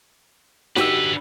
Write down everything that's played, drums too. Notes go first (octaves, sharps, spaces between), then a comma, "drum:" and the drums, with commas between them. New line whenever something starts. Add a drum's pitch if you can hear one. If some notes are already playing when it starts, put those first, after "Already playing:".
D3 F#4 G4 B4 E6, drum: snare D#4